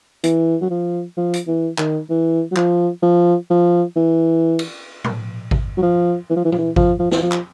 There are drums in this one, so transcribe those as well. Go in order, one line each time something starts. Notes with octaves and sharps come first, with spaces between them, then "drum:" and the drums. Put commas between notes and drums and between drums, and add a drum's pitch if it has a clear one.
E3, drum: hi-hat
F#3
F3
F3
drum: hi-hat
E3
D#3, drum: clap
E3
F#3
F3, drum: clap
F3
F3
E3
drum: cymbal
drum: tom A2
drum: kick G#1
F#3
F3
E3
F3
E3
F3, drum: tom A#2
E3
F3, drum: kick G#1
F3
E3, drum: snare
F3
drum: clap